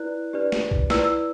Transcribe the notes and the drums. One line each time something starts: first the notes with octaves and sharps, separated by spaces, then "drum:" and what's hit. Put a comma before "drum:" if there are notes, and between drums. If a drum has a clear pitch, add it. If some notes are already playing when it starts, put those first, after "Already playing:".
Already playing: E4 B4 D5 F#6
D4 G4 B4 D5
drum: snare
drum: kick B1
E4 B4 D5 E6, drum: snare
E6